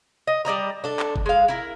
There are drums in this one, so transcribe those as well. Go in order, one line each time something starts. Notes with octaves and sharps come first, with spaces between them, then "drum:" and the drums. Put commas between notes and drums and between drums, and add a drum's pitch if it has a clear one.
D#5
G3 D5 D#5 A#5
D4 A4
drum: clap
drum: kick F#1
G#3 F5
E4 A#4